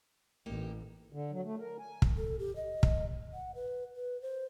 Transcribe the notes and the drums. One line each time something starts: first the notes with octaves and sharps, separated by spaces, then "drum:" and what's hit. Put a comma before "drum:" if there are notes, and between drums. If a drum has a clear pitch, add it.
A1 A#3 D#4 G4
D3
F#3
A3
A#4
G#5
drum: kick
A4
G4
D#5
drum: kick
F#5
B4
B4
C5